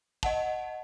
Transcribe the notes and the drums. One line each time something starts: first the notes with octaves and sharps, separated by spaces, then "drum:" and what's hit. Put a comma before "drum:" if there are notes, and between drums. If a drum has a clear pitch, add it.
D#5 F#5 A5, drum: kick